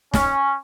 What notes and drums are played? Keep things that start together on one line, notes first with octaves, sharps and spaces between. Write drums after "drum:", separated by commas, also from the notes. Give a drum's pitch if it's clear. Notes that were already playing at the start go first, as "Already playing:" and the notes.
C#4, drum: snare